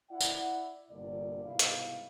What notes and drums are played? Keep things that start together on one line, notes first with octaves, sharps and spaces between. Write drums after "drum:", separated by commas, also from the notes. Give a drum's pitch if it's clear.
E4 D5 F#5
drum: tambourine
G1 C2 A#2 D3 D5
C2 G#2 B2 E4 F5
drum: hi-hat